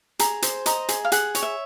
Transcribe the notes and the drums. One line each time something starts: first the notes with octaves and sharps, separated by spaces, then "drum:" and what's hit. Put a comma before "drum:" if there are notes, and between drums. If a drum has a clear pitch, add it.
G#4 A#5, drum: hi-hat
C5, drum: hi-hat
D#5 A#5, drum: hi-hat
G#4, drum: hi-hat
F5
G#4 F#5, drum: hi-hat
C#5, drum: hi-hat
E5